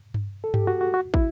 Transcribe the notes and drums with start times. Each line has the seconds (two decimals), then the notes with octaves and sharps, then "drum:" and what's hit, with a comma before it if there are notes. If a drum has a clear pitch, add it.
0.14 drum: tom G2
0.44 A4
0.54 G4, drum: tom G2
0.67 F#4
0.81 F#4
0.94 F#4
1.14 E4, drum: kick